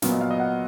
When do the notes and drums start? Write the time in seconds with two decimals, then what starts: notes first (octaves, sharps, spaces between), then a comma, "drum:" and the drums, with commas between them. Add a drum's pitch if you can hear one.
0.02 A#2 F#3 B3 F5, drum: snare
0.12 D#5
0.21 F5
0.31 D#5
0.40 F#5